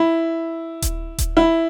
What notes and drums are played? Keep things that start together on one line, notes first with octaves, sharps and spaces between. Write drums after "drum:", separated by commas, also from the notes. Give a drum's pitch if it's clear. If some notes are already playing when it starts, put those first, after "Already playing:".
Already playing: E4
drum: kick D#1, hi-hat
drum: kick D#1, hi-hat
E4